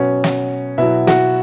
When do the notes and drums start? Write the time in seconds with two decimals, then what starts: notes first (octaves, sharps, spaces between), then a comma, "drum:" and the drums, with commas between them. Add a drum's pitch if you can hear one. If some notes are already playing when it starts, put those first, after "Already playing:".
Already playing: B2 F#3 C#4
0.24 drum: snare
0.78 B2 F#3 E4
1.07 F#4, drum: snare